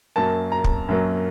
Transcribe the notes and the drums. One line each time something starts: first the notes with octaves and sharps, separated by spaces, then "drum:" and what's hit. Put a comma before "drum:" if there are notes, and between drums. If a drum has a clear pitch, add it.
F#2 F#3 A#3 A5
A#5
drum: kick
F#2 F#3 A#3